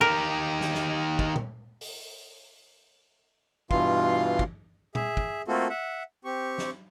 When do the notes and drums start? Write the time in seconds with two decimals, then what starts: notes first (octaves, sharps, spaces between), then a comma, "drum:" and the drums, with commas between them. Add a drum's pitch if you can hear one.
0.01 D#3 G4 A#4
0.61 drum: snare
0.74 drum: snare
1.19 drum: kick
1.36 drum: tom
1.81 drum: open hi-hat
3.71 G2 B2 E3 F4 F5 C6, drum: kick
4.39 drum: kick
4.95 G#4 E5, drum: tom
5.17 drum: kick
5.48 A3 A#3 C4 F4 F#4 A4
5.70 E5 F#5
6.25 C4 G4 C#6
6.58 drum: snare